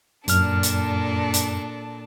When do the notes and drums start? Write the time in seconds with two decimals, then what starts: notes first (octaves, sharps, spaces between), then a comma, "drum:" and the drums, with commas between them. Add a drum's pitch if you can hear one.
0.28 F#2 A#2 D4 A4 F6, drum: hi-hat
0.63 drum: hi-hat
1.34 drum: hi-hat